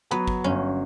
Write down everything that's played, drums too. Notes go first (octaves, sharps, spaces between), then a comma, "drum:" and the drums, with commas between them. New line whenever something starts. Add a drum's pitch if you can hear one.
F#3 B3
drum: kick
G1 C#4